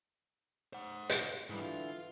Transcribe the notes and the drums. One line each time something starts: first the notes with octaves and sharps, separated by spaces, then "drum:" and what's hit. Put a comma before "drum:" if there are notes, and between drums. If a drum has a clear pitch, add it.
C5 F#5
drum: hi-hat
G#2 D3 E3 G3 E4
F4